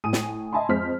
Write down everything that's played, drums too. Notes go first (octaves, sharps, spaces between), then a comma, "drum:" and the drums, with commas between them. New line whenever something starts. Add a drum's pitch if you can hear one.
A2 G#5 D#6 D#7
drum: snare
D#5 E5 G#5 A5 B5 C6
F2 G#3 C5 F6 B6